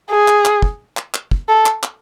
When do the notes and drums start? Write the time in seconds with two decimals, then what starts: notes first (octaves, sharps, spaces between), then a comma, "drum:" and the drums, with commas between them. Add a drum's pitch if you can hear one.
0.11 G#4
0.28 drum: clap
0.45 drum: clap
0.62 drum: kick
0.97 drum: clap
1.14 drum: clap
1.31 drum: kick
1.48 A4
1.66 drum: clap
1.83 drum: clap